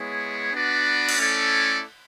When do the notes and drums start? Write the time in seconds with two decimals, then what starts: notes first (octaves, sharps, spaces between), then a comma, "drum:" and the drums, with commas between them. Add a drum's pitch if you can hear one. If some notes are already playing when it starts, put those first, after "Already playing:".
Already playing: G#3 B3 E4 G#4 C#5
0.52 B3 D4 F#4 B4 D5
1.09 drum: cymbal
1.18 A3 C#4 E4 A4 D5